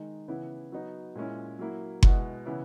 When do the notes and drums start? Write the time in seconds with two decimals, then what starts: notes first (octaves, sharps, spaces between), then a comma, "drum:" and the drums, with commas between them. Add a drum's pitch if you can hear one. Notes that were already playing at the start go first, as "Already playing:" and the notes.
Already playing: D#3 G#3 D#4
0.28 C#3 E3 B3 E4
0.72 F#3 B3 D#4
1.15 A#2 G#3 C#4 E4
1.59 F#3 A#3 E4
2.03 B2 G#3 B3 E4, drum: kick F#1
2.46 C#3 E3 B3 E4